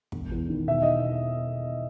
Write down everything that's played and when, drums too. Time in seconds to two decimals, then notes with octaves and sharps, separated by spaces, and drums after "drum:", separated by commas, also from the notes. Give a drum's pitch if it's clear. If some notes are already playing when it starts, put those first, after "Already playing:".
0.12 E1, drum: kick
0.32 E2
0.49 D#3
0.68 B2 E5
0.82 D#5